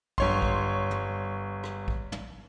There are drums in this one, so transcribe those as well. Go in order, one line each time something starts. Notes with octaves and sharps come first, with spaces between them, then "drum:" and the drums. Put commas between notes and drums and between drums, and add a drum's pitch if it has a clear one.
G1 C#5 C6, drum: kick A#1
drum: kick A#1
drum: tom
drum: rim click
drum: kick A#1
drum: tom